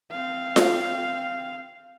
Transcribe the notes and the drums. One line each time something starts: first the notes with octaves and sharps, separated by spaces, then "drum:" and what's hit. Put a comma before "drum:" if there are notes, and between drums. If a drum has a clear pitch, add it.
C4 F5
drum: snare F4